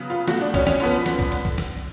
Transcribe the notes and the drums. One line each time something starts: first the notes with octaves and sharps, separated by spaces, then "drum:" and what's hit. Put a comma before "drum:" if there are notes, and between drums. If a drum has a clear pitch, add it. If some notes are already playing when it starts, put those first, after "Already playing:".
Already playing: C#3 F#3 B3
F4
B2 A3 F#4, drum: snare
D4
C#4, drum: kick C2, cymbal
C#4, drum: snare
D3 F3 B3, drum: cymbal
drum: snare
drum: kick C2
drum: cymbal
drum: kick C2
drum: snare